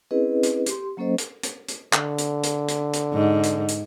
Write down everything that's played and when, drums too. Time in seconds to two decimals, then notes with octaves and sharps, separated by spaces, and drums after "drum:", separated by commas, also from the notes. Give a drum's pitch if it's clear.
0.11 C4 C#4 E4 G#4 B4 D#5
0.43 drum: hi-hat
0.66 G4 C6, drum: hi-hat
0.97 F#3 A#3 C#4 A4 C5 D#5
1.18 drum: hi-hat
1.43 drum: hi-hat
1.68 drum: hi-hat
1.93 D3, drum: clap
2.18 drum: hi-hat
2.43 drum: hi-hat
2.68 drum: hi-hat
2.93 drum: hi-hat
3.13 G#2
3.43 drum: hi-hat
3.68 drum: hi-hat